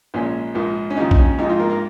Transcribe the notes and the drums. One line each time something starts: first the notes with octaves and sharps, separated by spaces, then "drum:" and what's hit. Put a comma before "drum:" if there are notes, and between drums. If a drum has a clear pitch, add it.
A#1 A#2 G#3 C#4
A#1 G#2 F3 A#3
C#4
D#2 C#3 F3 D#4
D#4, drum: kick A#1
C#4
G#1 G#2 F3 G#3 D#4
F3 F4
A#3 A#4
A#3 A#4